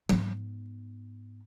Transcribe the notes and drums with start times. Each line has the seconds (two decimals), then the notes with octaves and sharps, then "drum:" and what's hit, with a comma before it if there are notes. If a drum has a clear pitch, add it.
0.09 G#2 B3, drum: tom F3